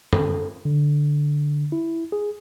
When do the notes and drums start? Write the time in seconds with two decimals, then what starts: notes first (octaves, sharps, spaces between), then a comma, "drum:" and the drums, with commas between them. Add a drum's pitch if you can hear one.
0.13 A4, drum: tom
0.65 D3
1.72 E4
2.12 G#4